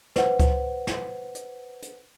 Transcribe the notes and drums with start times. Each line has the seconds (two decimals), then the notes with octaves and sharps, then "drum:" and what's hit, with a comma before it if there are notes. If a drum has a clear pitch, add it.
0.16 B4 C5 F#5, drum: snare
0.40 drum: kick C#2, hi-hat
0.87 drum: snare
1.35 drum: hi-hat
1.82 drum: hi-hat